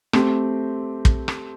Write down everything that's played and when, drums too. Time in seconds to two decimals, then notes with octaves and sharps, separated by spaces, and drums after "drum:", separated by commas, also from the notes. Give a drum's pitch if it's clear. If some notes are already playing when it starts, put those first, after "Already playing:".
0.13 A3 C4 G4, drum: rim click
1.05 drum: kick
1.28 drum: rim click